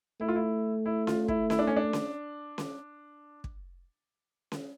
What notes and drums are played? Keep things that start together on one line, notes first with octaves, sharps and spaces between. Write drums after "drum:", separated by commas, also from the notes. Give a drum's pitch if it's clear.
A3 E4
F4
E4
E4
F4, drum: snare C#4
E4, drum: kick
E4, drum: snare C#4
D4
C#4
D4
drum: snare C#4
drum: snare C#4
drum: kick
drum: snare C#4